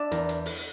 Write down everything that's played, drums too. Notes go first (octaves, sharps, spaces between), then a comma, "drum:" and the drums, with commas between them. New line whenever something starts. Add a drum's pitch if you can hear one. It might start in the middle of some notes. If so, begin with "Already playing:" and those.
Already playing: D4 D5 E5
E2 A#4, drum: hi-hat
drum: hi-hat
drum: open hi-hat